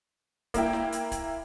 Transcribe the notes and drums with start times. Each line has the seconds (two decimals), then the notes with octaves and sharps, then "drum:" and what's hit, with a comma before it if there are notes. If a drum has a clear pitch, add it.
0.54 A#3 E4 G5, drum: kick C#1, hi-hat
0.73 drum: snare
0.92 drum: hi-hat
1.12 drum: kick C#1, hi-hat